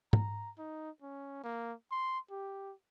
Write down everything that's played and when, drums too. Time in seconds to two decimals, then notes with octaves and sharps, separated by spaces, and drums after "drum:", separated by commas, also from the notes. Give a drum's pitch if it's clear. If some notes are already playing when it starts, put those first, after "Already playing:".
0.13 A#5, drum: tom
0.58 D#4
1.02 C#4
1.43 A#3
1.91 C6
2.30 G4